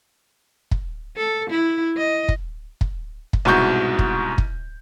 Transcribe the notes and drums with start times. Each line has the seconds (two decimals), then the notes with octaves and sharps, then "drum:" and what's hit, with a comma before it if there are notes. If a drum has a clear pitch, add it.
0.71 drum: kick
1.17 A4
1.50 E4
1.97 D#5
2.29 drum: kick
2.81 drum: kick
3.33 drum: kick
3.45 C2 G#2 B2 F#4 C#6 G6
3.99 drum: kick
4.38 drum: kick